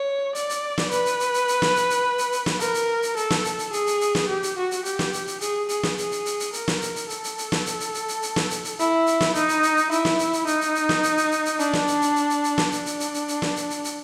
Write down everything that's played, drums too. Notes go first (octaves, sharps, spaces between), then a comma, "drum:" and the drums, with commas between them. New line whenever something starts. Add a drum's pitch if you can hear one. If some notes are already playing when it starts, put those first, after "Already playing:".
Already playing: C#5
D5, drum: hi-hat
drum: hi-hat
drum: snare
B4, drum: hi-hat
drum: hi-hat
drum: hi-hat
drum: hi-hat
drum: hi-hat
drum: snare
drum: hi-hat
drum: hi-hat
drum: hi-hat
drum: hi-hat
drum: snare
A#4, drum: hi-hat
drum: hi-hat
drum: hi-hat
A4, drum: hi-hat
drum: snare
drum: hi-hat
drum: hi-hat
G#4, drum: hi-hat
drum: hi-hat
drum: hi-hat
drum: snare
G4
drum: hi-hat
F#4
drum: hi-hat
G4, drum: hi-hat
drum: snare
drum: hi-hat
drum: hi-hat
G#4, drum: hi-hat
G#4, drum: hi-hat
drum: snare
G#4, drum: hi-hat
drum: hi-hat
drum: hi-hat
drum: hi-hat
A#4, drum: hi-hat
drum: snare
drum: hi-hat
drum: hi-hat
A4, drum: hi-hat
drum: hi-hat
drum: hi-hat
drum: snare
drum: hi-hat
drum: hi-hat
drum: hi-hat
drum: hi-hat
drum: hi-hat
drum: snare
drum: hi-hat
drum: hi-hat
E4, drum: hi-hat
drum: hi-hat
drum: snare
D#4, drum: hi-hat
drum: hi-hat
drum: hi-hat
drum: hi-hat
E4, drum: hi-hat
drum: snare
drum: hi-hat
drum: hi-hat
D#4, drum: hi-hat
drum: hi-hat
drum: hi-hat
drum: snare
drum: hi-hat
drum: hi-hat
drum: hi-hat
drum: hi-hat
D4, drum: hi-hat
drum: snare
drum: hi-hat
drum: hi-hat
drum: hi-hat
drum: hi-hat
drum: hi-hat
drum: snare
D4, drum: hi-hat
drum: hi-hat
drum: hi-hat
drum: hi-hat
drum: hi-hat
drum: snare
drum: hi-hat
drum: hi-hat
drum: hi-hat